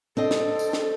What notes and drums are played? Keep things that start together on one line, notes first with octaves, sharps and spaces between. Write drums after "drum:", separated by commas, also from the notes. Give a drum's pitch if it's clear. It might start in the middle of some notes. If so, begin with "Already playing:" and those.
C4 D4 A4 D#5
drum: snare
drum: tambourine
drum: snare